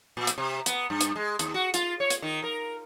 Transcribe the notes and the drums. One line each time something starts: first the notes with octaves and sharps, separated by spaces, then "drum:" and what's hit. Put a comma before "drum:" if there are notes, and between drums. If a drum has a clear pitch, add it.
A#2
drum: hi-hat
C3
B3, drum: hi-hat
G2
drum: hi-hat
G#3
D#2, drum: hi-hat
F#4
F4, drum: hi-hat
C#5
drum: hi-hat
D#3
A#4